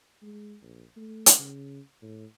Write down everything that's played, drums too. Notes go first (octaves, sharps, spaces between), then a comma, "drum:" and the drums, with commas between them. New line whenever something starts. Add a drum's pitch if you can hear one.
G#3
A#1
A3
drum: hi-hat
C#3
A2